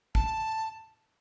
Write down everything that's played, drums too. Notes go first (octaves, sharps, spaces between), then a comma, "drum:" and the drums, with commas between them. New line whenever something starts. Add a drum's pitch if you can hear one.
A5, drum: kick